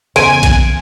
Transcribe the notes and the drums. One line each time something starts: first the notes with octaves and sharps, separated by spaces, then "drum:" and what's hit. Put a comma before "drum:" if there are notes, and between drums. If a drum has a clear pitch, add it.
E2 C#3 C5 G#5 D7 D#7, drum: cymbal
drum: kick A#1, cymbal